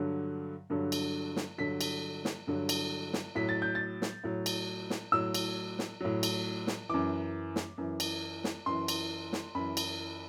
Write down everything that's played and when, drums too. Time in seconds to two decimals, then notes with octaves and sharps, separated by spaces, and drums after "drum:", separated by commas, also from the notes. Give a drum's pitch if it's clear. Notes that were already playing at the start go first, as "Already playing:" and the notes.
Already playing: G2 D3 F#3
0.70 G2 D3 F#3
0.92 drum: cymbal
1.36 drum: snare
1.58 G2 D3 F#3 B6
1.81 drum: cymbal
2.25 drum: snare
2.47 G2 D3 F#3
2.69 drum: cymbal
3.13 drum: snare
3.35 A2 F#3 B6
3.49 A6
3.62 G6
3.75 A6
4.02 drum: snare
4.24 A2 F#3
4.46 drum: cymbal
4.90 drum: snare
5.12 A2 F#3 E6
5.34 drum: cymbal
5.79 drum: snare
6.00 A2 F#3
6.23 drum: cymbal
6.67 drum: snare
6.89 F#2 E3 D6
7.56 drum: snare
7.78 F#2 E3
8.00 drum: cymbal
8.44 drum: snare
8.66 F#2 E3 C6
8.88 drum: cymbal
9.33 drum: snare
9.55 F#2 E3 B5
9.77 drum: cymbal